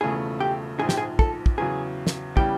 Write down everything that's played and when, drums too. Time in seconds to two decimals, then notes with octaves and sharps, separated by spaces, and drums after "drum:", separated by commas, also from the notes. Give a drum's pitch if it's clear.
0.01 E1 E2 C#3 F3 A3 G#4
0.40 G4
0.79 A#1 G#2 F3 G#4
0.89 G4, drum: snare
0.97 G#4
1.19 A4, drum: kick
1.46 drum: kick
1.58 E2 C#3 F#3 G#4
2.07 drum: snare
2.37 C#3 E3 G3 B3 G4, drum: kick